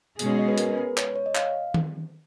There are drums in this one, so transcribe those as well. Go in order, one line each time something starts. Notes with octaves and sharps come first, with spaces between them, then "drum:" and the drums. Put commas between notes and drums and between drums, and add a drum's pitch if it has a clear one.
B2 G#3 C#4 G#4, drum: hi-hat
F#4
D#5
B4
A#4, drum: hi-hat
B4
C#5, drum: clap
C#5
D#5
F5, drum: clap
drum: tom D#3